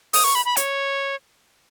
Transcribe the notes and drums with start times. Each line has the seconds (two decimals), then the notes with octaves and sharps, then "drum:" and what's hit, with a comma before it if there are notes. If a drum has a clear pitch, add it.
0.13 D#6, drum: open hi-hat
0.24 C#6
0.35 B5
0.45 B5
0.57 C#5, drum: hi-hat